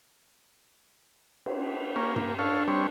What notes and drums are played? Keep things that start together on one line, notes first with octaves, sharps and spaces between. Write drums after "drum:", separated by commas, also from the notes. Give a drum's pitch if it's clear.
drum: cymbal
A#3 C#4
A#3, drum: tom G2
D4 A4 C#5 F5
G3 C4 C#5